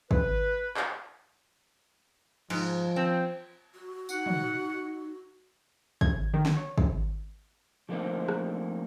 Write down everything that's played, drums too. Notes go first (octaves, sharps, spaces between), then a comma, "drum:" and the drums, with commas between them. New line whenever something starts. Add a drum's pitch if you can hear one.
B4, drum: kick
drum: clap
G#2 F3, drum: cymbal
C4
F#4
D#4 F#5, drum: tambourine
drum: tom
G#6, drum: kick
D#3
drum: snare
C#5
drum: kick
F3 A3 A#3 C4 D#4
drum: rim click